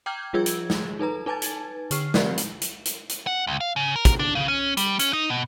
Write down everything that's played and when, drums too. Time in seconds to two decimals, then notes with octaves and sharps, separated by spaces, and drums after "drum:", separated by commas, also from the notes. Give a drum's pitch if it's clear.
0.06 G5 A#5 D6 F6 G6 G#6
0.33 F3 G3 F4 G#4 E6 G#6
0.46 drum: hi-hat
0.70 drum: snare G#3
0.99 D#4 A4 B4 A#5
1.26 D#4 B4 G#5 A5 G#6 A6
1.42 drum: hi-hat
1.91 D3 C#6 F6 C7, drum: hi-hat
2.14 F3 F#3 C4 G4 A#4 D5, drum: snare G#3
2.37 drum: hi-hat
2.61 drum: hi-hat
2.85 drum: hi-hat
3.09 drum: hi-hat
3.27 F#5
3.47 C#2
3.60 F5
3.76 C#3
3.96 A#4
4.05 drum: kick, hi-hat
4.19 D4
4.35 C#3
4.48 C#4
4.77 G3, drum: hi-hat
4.99 C#4, drum: hi-hat
5.13 D#4
5.30 B2